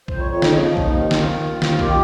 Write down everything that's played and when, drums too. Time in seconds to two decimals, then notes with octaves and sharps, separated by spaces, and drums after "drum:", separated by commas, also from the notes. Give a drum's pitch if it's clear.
0.08 F2 C5, drum: kick
0.20 C#5
0.25 F2
0.31 C#5
0.42 C#3 D#4, drum: snare
0.59 F3
0.77 D#2, drum: kick
0.94 D#3
1.11 D#3 F4, drum: snare
1.28 D#2
1.45 D#2
1.62 D#3, drum: snare
1.79 D#3 G4, drum: kick